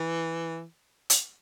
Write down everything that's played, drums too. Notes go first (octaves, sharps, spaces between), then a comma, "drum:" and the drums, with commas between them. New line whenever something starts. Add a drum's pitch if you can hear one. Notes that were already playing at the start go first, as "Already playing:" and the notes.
Already playing: E3
drum: hi-hat